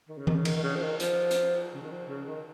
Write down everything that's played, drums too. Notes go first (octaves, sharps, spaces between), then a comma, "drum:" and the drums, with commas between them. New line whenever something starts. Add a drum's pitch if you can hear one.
D#3
C#3
D#3, drum: tom E3
C#3
D#3, drum: cymbal
D#3
C#3
F3
D#3
F3, drum: hi-hat
drum: hi-hat
C#3
D#3
F3
C#3
D#3